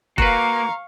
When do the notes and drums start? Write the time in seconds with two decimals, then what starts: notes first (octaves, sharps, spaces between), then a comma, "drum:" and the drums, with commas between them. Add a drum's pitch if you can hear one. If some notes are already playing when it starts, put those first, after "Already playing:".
0.18 A#3 F#4 B4 F5 A#5 C#6, drum: kick